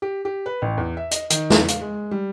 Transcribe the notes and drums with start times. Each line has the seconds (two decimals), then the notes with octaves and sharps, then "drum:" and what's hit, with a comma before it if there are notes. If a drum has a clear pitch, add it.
0.02 G4
0.25 G4
0.46 B4
0.62 A1
0.78 E2
0.97 E5
1.11 D#5, drum: hi-hat
1.30 D#3, drum: hi-hat
1.50 E2, drum: snare
1.68 F5, drum: hi-hat
1.81 G#3
2.11 G3